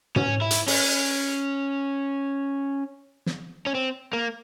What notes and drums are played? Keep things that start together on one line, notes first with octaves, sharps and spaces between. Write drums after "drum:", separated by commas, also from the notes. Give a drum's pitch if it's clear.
C#4, drum: tom
E4
drum: hi-hat
C#4, drum: open hi-hat
drum: snare
C#4
C4
A#3